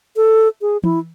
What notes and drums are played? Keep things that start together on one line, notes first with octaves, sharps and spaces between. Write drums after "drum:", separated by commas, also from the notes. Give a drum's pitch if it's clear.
A4
G#4
E4, drum: tom E3